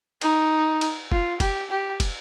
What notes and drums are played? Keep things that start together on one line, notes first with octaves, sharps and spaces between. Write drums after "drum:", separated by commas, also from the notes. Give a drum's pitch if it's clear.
D#4, drum: cymbal
drum: cymbal
F4, drum: kick
G4, drum: kick, cymbal
G4
drum: kick, cymbal